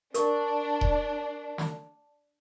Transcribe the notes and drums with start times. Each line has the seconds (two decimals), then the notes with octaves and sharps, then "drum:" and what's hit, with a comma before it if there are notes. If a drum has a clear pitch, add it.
0.14 D4 A#4 C#6, drum: hi-hat
0.81 drum: kick D#1
1.58 drum: snare